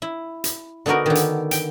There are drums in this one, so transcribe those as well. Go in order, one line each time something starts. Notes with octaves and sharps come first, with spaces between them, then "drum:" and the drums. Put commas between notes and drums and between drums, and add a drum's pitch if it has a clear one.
E4
drum: hi-hat
D3 B3 D#4 F#4 A#4
D3 D#3
drum: hi-hat
G5, drum: hi-hat